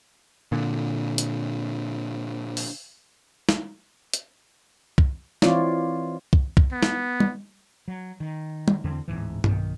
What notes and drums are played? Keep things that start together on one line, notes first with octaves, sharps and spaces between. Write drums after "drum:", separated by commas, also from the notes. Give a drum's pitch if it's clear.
A#2 D3
drum: hi-hat
drum: open hi-hat
drum: snare
drum: hi-hat
drum: kick
E3 C4 E4 F4 C#5 D5, drum: snare
drum: kick
drum: kick
B3
drum: snare
drum: tom G3
F#3
D#3
drum: tom G3
E2 D3 C4
D1 E2 G#2 E3
B1 D#3, drum: tom G2